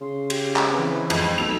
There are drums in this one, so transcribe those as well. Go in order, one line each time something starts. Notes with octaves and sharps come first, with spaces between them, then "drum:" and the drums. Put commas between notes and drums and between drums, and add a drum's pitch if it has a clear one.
C#3 C6
G4, drum: cymbal
drum: clap
E3 C4 B4
F2 G#2 D#5 C6, drum: cymbal
B1 A3 E6 B6 F7